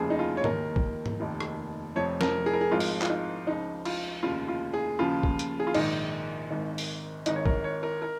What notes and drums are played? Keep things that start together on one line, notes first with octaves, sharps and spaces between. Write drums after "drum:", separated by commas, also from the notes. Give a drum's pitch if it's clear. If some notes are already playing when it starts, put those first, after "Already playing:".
Already playing: F1 D#2 C#3 F3 G#4
D#4
F4
C#5
D#2 D#3 A#4, drum: tom G#2
drum: kick
drum: tom G#2
F1 D#2 D#3
drum: rim click
F1 F2 F3 C#5
A#4, drum: snare
G#4
A#4
G#4
G#1 G#2 F3 F4
drum: open hi-hat
F4, drum: clap
D#4
C#2 C#3 F3 D#4
F4, drum: cymbal
F1 D#2 C#3 F4
F4
G#4
D#2 C#3 F3 F4
drum: kick
drum: hi-hat
G#4
F4
A#1 G#2 D#3 D#4, drum: cymbal
G#1 G#2 D#3
drum: open hi-hat
G#1 G#2 D#3 D#4, drum: hi-hat
C#5
A#4, drum: kick
C#5
A#4
A#4